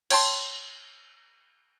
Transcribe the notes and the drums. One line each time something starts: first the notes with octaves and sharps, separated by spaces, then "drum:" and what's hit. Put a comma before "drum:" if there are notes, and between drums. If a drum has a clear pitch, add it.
C#5 G5 A5 C6, drum: cymbal